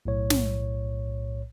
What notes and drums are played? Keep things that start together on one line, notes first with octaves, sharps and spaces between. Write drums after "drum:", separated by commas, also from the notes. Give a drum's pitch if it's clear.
B1 A2 C#5
drum: snare